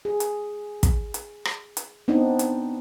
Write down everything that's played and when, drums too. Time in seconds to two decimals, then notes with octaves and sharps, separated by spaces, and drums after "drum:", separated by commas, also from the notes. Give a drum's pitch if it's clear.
0.05 G#4
0.20 drum: hi-hat
0.83 drum: kick, hi-hat
1.14 drum: hi-hat
1.45 drum: rim click
1.77 drum: hi-hat
2.08 B3 C4 D4 D#4
2.39 drum: hi-hat